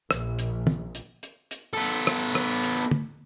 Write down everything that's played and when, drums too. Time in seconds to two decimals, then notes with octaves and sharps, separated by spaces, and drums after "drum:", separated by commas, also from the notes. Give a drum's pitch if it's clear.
0.11 A#1, drum: rim click
0.39 drum: hi-hat
0.67 drum: tom
0.95 drum: hi-hat
1.23 drum: hi-hat
1.51 drum: hi-hat
1.74 B3 A4
2.07 drum: rim click
2.35 drum: rim click
2.63 drum: hi-hat
2.91 drum: tom